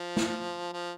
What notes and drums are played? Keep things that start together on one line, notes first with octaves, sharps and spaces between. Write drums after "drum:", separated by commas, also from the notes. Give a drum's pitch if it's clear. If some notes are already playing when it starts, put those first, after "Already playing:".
Already playing: F3
drum: snare
F3